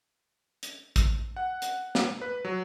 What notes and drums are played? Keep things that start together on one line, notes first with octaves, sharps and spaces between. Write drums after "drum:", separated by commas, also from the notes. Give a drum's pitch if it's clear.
drum: hi-hat
drum: kick A1, hi-hat
F#5
drum: hi-hat
drum: snare
B4
F#3